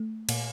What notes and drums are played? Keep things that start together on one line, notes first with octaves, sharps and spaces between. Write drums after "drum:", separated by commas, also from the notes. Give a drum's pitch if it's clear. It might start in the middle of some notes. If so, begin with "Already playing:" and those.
Already playing: A3
A#2, drum: cymbal